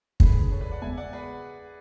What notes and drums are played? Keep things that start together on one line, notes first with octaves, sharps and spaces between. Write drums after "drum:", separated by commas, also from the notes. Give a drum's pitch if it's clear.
D3 A3 D4 G#4 A4 B4, drum: kick
A4 C#5
B4 D5
D5 F#5
E2 C#3 G#3 B3 E5 G#5
D5 F#5
G#4 B4